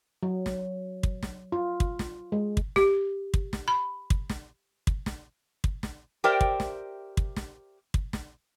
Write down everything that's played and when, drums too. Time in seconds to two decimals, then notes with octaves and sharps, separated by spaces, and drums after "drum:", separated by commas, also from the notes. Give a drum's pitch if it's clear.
0.23 F#3
0.46 drum: snare
1.03 drum: kick
1.23 drum: snare
1.52 F4
1.80 drum: kick
1.99 drum: snare
2.32 G#3
2.57 drum: kick
2.76 G4, drum: snare
3.34 drum: kick
3.53 drum: snare
3.68 B5
4.10 drum: kick
4.30 drum: snare
4.87 drum: kick
5.06 drum: snare
5.64 drum: kick
5.83 drum: snare
6.24 G4 A#4 C5 D5 E5 G5
6.41 drum: kick
6.60 drum: snare
7.17 drum: kick
7.36 drum: snare
7.94 drum: kick
8.13 drum: snare